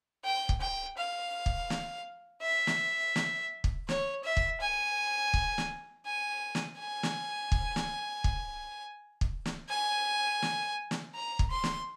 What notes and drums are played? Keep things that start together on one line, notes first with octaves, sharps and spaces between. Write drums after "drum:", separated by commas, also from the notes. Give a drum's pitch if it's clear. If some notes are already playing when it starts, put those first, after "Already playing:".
G5
drum: kick
G5
F5
drum: kick
drum: snare
E5
drum: snare
drum: snare
drum: kick
C#5, drum: snare
E5
drum: kick
G#5
drum: kick
drum: snare
G#5
drum: snare
G#5
drum: snare
drum: kick
drum: snare
drum: kick
drum: kick
drum: snare
G#5
drum: snare
drum: snare
A#5
drum: kick
C6
drum: snare